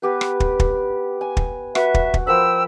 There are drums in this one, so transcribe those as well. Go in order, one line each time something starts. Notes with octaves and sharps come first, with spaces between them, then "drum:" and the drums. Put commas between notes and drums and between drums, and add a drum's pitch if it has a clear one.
B3 G4 B4
drum: rim click
drum: kick
drum: kick
G#5
drum: kick
F#4 B4 E5, drum: rim click
drum: kick
drum: kick
F3 A#4 C5 G5 B5 E6